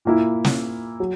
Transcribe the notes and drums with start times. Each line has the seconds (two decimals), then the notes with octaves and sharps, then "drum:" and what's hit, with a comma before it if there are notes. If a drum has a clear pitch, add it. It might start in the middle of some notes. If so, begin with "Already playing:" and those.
0.05 A#2 A#3 E4
0.45 drum: snare
1.00 F#3